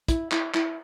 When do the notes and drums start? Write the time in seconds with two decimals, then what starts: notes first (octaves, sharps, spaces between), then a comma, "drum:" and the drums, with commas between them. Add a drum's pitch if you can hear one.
0.08 E4, drum: kick, hi-hat
0.32 E4, drum: clap
0.54 E4, drum: clap